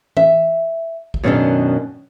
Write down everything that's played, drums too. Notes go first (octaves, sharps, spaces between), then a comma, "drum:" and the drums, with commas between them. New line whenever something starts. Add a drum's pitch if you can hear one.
E5, drum: tom
drum: kick B1
F#2 B2 D#3 A#3 C#4 D4